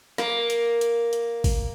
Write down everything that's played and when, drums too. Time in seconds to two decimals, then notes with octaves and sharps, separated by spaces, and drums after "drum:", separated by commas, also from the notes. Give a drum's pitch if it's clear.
0.18 A#3, drum: snare
0.50 drum: hi-hat
0.81 drum: hi-hat
1.13 drum: hi-hat
1.44 drum: kick, open hi-hat